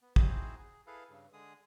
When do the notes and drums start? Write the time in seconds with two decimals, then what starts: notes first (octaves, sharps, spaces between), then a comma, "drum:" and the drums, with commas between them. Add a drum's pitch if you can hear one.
0.02 B3
0.16 C4 D#4 E4 F#4 G#4 C5, drum: kick
0.58 G#4
0.87 E4 G#4 A4 B4 F5
1.09 G2 C#3
1.33 D3 G#3 G#4 D#6